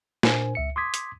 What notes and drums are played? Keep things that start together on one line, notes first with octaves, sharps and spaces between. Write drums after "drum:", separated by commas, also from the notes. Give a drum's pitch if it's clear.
A#2 D4 A#4 C5 G#5, drum: snare
C#2 E5 C#7
C6 D6 D#6 G#6 B6
drum: hi-hat